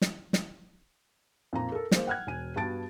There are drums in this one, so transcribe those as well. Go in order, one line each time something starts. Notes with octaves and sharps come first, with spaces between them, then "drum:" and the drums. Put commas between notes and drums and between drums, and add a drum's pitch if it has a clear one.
drum: snare
drum: snare
F2 A#2 A#5
A4 A#4
A#3 G#4 C5, drum: snare
F#5 G5 F6 F#6 G#6
E1 G#5 D#7
G2 B3 F#4 A5 A6 D7